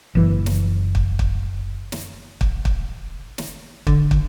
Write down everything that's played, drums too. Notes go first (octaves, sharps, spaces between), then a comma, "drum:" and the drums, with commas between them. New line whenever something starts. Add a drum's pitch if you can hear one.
F#1 E3
drum: snare
drum: kick
drum: kick
drum: snare
drum: kick
drum: kick
drum: snare
D3, drum: kick
drum: kick